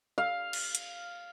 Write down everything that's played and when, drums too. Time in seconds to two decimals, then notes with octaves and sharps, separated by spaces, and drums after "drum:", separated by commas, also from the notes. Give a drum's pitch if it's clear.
0.18 F5
0.53 drum: cymbal
0.75 drum: hi-hat